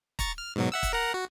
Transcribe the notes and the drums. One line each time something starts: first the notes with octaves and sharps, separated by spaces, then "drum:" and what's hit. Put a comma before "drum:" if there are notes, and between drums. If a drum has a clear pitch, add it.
A#5 C#6 A6, drum: kick, hi-hat
F6
G#2 B2 F#3
E5 F#5 E6
drum: kick, hi-hat
A#4 F#5 A#5
F#4